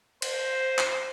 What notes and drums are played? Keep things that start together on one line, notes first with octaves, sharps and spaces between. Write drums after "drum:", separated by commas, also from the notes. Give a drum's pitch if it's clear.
C5, drum: cymbal
drum: clap